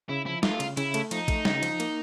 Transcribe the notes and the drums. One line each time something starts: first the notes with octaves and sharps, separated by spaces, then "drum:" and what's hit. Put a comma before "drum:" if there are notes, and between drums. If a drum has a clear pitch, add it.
C#3 E4
F3 E4
A3 F4, drum: snare
C#3, drum: cymbal
C#3 E4, drum: cymbal
A3, drum: cymbal
F3 D#4, drum: cymbal
A3, drum: kick A1, cymbal
C#3, drum: snare
F3, drum: cymbal
A#3, drum: cymbal